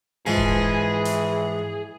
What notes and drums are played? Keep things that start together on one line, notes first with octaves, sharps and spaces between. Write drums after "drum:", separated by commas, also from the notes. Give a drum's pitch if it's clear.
G#2 E3 F3 G#4
drum: kick D#1
drum: hi-hat